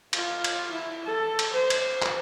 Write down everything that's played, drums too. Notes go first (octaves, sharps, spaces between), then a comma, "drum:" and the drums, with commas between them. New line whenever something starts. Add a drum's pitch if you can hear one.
F4, drum: cymbal
drum: cymbal
E4
A4
drum: cymbal
C5
drum: cymbal
drum: clap